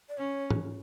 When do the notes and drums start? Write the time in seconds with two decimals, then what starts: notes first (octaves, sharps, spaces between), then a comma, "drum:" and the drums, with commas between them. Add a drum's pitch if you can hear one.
0.09 D5
0.17 C#4 C#5
0.50 drum: tom